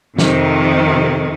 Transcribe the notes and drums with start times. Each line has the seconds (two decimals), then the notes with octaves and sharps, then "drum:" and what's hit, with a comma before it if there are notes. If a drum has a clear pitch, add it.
0.19 F2 C3 D#3, drum: snare